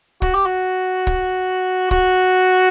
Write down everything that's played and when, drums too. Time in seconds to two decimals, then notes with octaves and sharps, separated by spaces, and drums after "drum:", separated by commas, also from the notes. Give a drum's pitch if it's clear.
0.22 F#4, drum: kick
0.35 G4
0.46 F#4
1.07 drum: kick
1.91 F#4, drum: kick